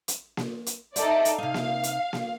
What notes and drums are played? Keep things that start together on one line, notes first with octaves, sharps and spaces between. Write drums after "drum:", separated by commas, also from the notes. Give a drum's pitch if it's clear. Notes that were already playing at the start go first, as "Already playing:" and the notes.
drum: hi-hat
drum: snare A#3
drum: hi-hat
D#4 A4 C5 D5 E5, drum: hi-hat
drum: hi-hat
C3 D#4 F5
drum: snare A#3
drum: hi-hat
drum: snare A#3